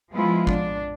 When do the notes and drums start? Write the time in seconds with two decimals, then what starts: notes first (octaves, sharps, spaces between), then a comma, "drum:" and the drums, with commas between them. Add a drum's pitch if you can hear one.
0.13 F3 G#3 B3 E4 F4
0.47 D4, drum: kick